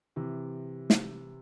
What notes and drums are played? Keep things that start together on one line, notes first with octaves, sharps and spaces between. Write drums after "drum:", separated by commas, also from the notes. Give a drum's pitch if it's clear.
C3 E3
drum: snare